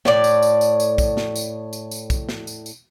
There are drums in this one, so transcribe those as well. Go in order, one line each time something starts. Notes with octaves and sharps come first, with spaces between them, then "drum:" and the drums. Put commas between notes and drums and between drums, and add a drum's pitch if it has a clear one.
A2 D5, drum: snare
drum: tambourine
drum: tambourine
drum: tambourine
drum: tambourine
drum: kick, tambourine
drum: snare
drum: tambourine
drum: tambourine
drum: tambourine
drum: kick, tambourine
drum: snare
drum: tambourine
drum: tambourine